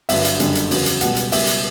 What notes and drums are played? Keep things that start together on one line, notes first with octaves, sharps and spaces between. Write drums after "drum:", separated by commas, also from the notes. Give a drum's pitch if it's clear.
G1 G2 D3 F#3 E5, drum: open hi-hat
drum: hi-hat
F#1 F#2 D3 G3, drum: hi-hat
drum: hi-hat
E2 C#3 F#3, drum: open hi-hat
drum: hi-hat
C#2 B2 G3 F#5, drum: hi-hat
drum: hi-hat
C#2 B2 G3 E5, drum: open hi-hat
drum: hi-hat